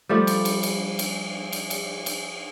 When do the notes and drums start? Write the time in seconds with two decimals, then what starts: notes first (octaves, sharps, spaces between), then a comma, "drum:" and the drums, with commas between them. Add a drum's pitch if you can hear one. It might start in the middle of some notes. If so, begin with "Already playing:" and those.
0.09 F3 G3 A3 D4
0.27 drum: cymbal
0.45 drum: cymbal
0.63 drum: cymbal
0.99 drum: cymbal
1.53 drum: cymbal
1.70 drum: cymbal
2.06 drum: cymbal